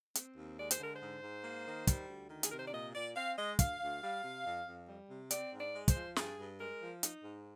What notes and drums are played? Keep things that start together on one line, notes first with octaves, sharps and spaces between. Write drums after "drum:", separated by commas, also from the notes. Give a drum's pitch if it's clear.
C4, drum: hi-hat
D#2
G#3 D5
C5, drum: hi-hat
D3 A#4
C5
G#2
G#2
A#3
D#3
G3, drum: kick, hi-hat
D2
D#3
G#4, drum: hi-hat
C3 A#4
C5
D5
A#2 D#5
A#2 D5
C4 F5
G#3 D#5
D2 F5, drum: kick, hi-hat
D2
G3
C3
F2
F2
G3
C3
C4 D5, drum: hi-hat
G#2
D5
G#3
C5, drum: kick, hi-hat
F3
G2 G#4, drum: snare
G2
G#3 A#4
F3
D#4, drum: hi-hat
G#2